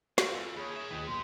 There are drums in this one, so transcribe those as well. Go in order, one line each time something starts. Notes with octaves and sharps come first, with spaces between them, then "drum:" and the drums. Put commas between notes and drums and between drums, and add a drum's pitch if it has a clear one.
C4 A#4 E5 F5, drum: snare
F2 F4 G#4 A4
D#2 G#4 C#5 B5
A#4 E5
D#2 F3 G4 B4 D#5
B1 A#2 C6